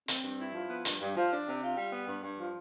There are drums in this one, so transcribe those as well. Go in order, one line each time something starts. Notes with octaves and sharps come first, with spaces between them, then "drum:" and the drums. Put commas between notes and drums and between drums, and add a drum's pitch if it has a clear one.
C4, drum: hi-hat
G2
E4
F3
B3
G2, drum: hi-hat
G2
F3
D4
C3
F4
G3
B3
G2
G2
F3